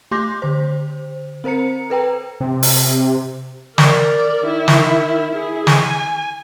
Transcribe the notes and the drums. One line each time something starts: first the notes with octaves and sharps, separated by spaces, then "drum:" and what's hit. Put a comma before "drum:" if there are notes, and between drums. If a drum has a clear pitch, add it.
A3 G4 C6 D6 G6 A#6
D3 C5
C4 A#4 C5 A#5 C#7
A4 B4 G5 A#5
C3
drum: open hi-hat
A#4 D5, drum: snare
D#3 E4
drum: snare
E4 G#4
G#5, drum: snare